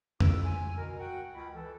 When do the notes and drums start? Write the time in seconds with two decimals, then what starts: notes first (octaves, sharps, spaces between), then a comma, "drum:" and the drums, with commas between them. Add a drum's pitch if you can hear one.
0.20 F2 A2 F4 D6 E6, drum: tom F2
0.44 G#5
0.77 B2 A#4
0.98 F#4 F#5 G5
1.33 C#2 B5
1.54 E3 A4